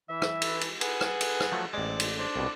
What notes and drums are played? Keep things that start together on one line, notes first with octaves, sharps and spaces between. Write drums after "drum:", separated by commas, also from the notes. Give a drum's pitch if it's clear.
E3 E5
drum: rim click
drum: cymbal
drum: cymbal
G#4 B4 F#5, drum: cymbal
drum: rim click
drum: cymbal
drum: rim click
F3 F#3 A3
A1 G#2 C3 G#3 D5
drum: cymbal
D4 C5
C2 B2 D6